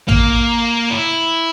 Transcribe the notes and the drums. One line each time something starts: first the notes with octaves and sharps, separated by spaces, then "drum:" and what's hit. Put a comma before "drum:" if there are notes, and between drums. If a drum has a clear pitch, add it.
A#3, drum: tom A1
E4